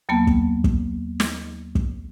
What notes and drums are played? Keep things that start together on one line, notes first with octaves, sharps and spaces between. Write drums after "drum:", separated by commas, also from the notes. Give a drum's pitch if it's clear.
D#2 F#3 A#3 B3 A5
drum: kick
drum: kick
drum: snare
drum: kick